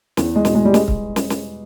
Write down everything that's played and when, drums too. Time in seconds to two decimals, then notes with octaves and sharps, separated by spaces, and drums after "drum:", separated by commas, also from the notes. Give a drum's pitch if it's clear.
0.17 E2, drum: snare
0.36 G#3
0.45 B2, drum: snare
0.55 G#3
0.65 G3
0.74 G#3, drum: snare
0.88 drum: kick C#1
1.16 drum: snare
1.30 drum: snare